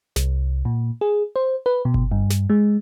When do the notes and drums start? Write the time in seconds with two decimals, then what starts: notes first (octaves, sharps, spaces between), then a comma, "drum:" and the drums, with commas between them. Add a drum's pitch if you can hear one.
0.16 C2, drum: snare
0.65 A#2
1.01 G#4
1.36 C5
1.66 B4
1.85 B2
1.94 drum: kick G1
2.12 G2
2.30 drum: snare
2.50 G#3